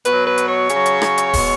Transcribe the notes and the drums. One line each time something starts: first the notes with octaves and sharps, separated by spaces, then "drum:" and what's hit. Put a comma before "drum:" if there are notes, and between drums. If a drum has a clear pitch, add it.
B2 F#3 B4, drum: hi-hat
B4
drum: hi-hat
C#5
C#3 F#3, drum: hi-hat
drum: hi-hat
drum: rim click
drum: hi-hat
B2 G#3, drum: kick, open hi-hat